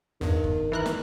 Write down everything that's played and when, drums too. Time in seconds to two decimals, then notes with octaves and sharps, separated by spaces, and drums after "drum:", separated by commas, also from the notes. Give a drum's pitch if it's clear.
0.21 E2 G2 D#3
0.44 drum: kick F#1
0.72 E3 A#4 F#6
0.86 drum: snare